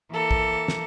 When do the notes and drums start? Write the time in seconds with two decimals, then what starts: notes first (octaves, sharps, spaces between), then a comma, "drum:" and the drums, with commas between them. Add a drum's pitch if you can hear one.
0.12 E3 A#3 A4
0.31 drum: kick
0.68 drum: snare